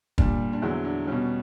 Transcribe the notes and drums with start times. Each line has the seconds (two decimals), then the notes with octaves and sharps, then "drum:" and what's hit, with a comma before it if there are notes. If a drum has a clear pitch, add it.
0.18 A#2 G3 D4, drum: kick
0.53 D4
0.62 E2 D3 F#3 E4
0.85 D4
1.07 B2 G3 C#4